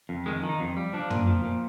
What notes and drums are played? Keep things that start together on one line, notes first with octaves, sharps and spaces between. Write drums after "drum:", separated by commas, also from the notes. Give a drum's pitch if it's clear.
F2
D#3 G#3
D#3
D#4
F2
G3
F3 D4
A#2, drum: tom
F3
A#2